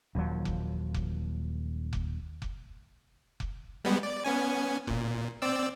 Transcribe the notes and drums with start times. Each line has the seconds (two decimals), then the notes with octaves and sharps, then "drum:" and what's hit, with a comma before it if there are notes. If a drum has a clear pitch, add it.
0.15 D#1 D#2 F3 F#3
0.45 drum: kick F1
0.94 drum: kick F1
1.93 drum: kick F1
2.42 drum: kick F1
3.40 drum: kick F1
3.84 G3 G#3 B3
4.03 D5
4.24 B3 C#4 G#5
4.87 A#2, drum: kick F1
5.42 C4 D5 E6